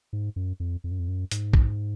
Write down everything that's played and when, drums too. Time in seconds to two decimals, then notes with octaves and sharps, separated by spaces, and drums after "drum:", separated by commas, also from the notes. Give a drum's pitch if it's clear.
0.13 G#2
0.36 F#2
0.60 F2
0.84 F2
0.91 F#2
0.99 F2
1.08 F#2
1.31 G#2, drum: hi-hat
1.54 drum: kick A#1